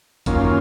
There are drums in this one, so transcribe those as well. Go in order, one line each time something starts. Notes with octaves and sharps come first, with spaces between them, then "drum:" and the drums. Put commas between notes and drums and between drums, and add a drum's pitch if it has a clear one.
F#2 D#3 A#3 C#4 F4, drum: kick, hi-hat